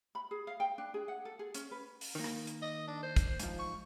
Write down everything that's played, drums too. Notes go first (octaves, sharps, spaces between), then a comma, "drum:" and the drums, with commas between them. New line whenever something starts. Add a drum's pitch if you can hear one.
B5
G#4
F5
G5
D4
G#4
F#5
A4
G#4
C#4, drum: hi-hat
B4
drum: open hi-hat
D#3 A#3
drum: rim click
drum: hi-hat
D#5
D4
C5
drum: kick, hi-hat
G#2 F3, drum: hi-hat
C#6